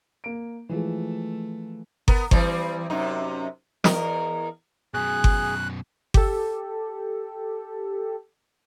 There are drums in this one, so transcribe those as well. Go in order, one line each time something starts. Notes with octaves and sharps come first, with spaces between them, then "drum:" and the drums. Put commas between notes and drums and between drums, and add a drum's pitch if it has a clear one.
A#3 D7
E3 F3 G#3 A3
B3 A#4, drum: kick G1
E3 G3 C4, drum: kick G1
F#2 C3 D#4
E2 A#4 D#5, drum: snare
F#2 B2 G#4 F#6
drum: kick G1
G4 A4, drum: kick G1